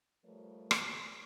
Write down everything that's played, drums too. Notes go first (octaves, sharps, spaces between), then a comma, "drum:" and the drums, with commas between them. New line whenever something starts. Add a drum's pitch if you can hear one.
F3 G3 A3 A#4 B4 C#5
drum: rim click